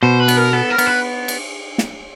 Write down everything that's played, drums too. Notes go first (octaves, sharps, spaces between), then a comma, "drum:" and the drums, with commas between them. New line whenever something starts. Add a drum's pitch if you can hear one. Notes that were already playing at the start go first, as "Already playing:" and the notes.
B2 C5
B4
B3, drum: cymbal
A#4
B3 A4
A#4
B3, drum: cymbal
B4
drum: cymbal
drum: snare